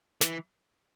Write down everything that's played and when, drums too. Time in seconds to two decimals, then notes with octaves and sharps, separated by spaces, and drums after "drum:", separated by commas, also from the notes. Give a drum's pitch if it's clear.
0.21 E3, drum: snare